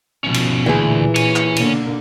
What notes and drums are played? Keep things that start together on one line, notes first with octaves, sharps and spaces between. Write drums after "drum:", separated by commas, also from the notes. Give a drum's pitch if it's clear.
B2 F3 C#4
drum: cymbal
D2 A#2 E3 G#4
C#5 G#5, drum: cymbal
drum: clap
B2 D3 A#3, drum: cymbal